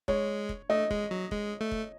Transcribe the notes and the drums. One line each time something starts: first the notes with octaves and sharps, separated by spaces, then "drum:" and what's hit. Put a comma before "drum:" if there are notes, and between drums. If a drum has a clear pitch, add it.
G#3 C#5, drum: kick
drum: kick
A3 D#5
G#3, drum: kick
F#3
G#3, drum: kick
A3
drum: kick